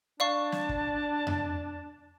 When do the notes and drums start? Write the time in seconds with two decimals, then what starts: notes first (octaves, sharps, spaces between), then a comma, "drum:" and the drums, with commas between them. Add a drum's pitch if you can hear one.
0.20 D4 D5 F5 A5 C#6
0.52 drum: snare
0.69 drum: kick
1.27 drum: tom F2